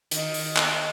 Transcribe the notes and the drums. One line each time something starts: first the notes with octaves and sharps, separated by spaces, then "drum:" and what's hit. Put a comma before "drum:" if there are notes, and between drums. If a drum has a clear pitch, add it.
D#3, drum: hi-hat
drum: open hi-hat
drum: clap